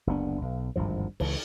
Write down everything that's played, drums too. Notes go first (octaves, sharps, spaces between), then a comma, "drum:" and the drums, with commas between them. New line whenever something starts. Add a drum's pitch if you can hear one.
F#1 D2 B3 D4
B1
G#1 D2 G2 F3
C#2 E3, drum: cymbal